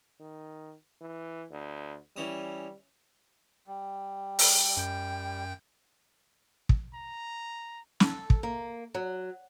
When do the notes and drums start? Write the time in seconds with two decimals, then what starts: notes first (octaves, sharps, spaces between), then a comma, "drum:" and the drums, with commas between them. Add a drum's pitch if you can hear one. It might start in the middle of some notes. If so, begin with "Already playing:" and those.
0.20 D#3
1.02 E3
1.51 D2
2.16 E3 G3 C#4 D#6
3.67 G3
4.39 drum: open hi-hat
4.77 F#2 G5 G6
6.69 drum: kick
6.94 A#5
8.00 A4, drum: snare
8.30 drum: kick
8.43 A#3
8.94 F#3